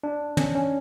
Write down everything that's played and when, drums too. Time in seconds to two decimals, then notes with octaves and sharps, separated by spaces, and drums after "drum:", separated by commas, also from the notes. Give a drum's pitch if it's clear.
0.04 D4
0.37 C#4, drum: tom
0.55 C#4